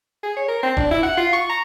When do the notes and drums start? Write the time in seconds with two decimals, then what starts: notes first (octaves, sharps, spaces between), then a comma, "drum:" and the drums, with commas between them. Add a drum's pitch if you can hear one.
0.23 G#4
0.36 C#5
0.48 A#4
0.63 C4
0.77 D4, drum: kick F1
0.91 E4
1.03 F#5
1.17 F4
1.33 C#6
1.49 A#5